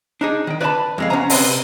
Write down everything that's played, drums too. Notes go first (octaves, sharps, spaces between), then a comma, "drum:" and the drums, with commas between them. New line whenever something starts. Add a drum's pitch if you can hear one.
D4 D#4 G#4
D#3 G5
B4 D5 E5 G#5 A5 B5
F2 G#3 F5
B3 C#4 D4 C5 G#5 A#5
C3 C4 B4, drum: open hi-hat